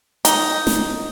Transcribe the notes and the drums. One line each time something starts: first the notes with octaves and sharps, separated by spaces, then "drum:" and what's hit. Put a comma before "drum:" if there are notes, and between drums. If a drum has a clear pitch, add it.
D#4, drum: hi-hat
drum: snare